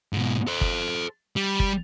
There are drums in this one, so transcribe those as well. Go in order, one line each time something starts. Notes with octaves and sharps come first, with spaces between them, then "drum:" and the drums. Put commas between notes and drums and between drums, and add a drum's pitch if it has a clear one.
G#2 B2
A4 C5
drum: kick G1
G3
drum: kick G1